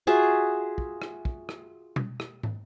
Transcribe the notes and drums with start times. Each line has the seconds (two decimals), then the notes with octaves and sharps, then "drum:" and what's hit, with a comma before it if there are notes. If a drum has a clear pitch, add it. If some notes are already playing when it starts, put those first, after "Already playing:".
0.07 F4 F#4 G#4 E5
0.78 drum: kick
1.02 drum: rim click
1.25 drum: kick
1.49 drum: rim click
1.96 drum: tom B2
2.20 drum: rim click
2.43 drum: tom